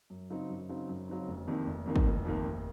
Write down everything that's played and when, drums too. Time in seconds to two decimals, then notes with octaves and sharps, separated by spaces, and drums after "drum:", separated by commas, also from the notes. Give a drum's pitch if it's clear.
0.10 F#2
0.30 C#3 F#3 C4 D#4
0.50 F#2
0.69 C#3 F#3 C4 D#4
0.89 F#2
1.08 C#3 F#3 C4 D#4
1.28 F1
1.48 F2 C3 D#3 A#3
1.67 F1
1.86 F2 C3 D#3 A#3
1.96 drum: kick
2.06 F1
2.25 F2 C3 D#3 A#3
2.45 F1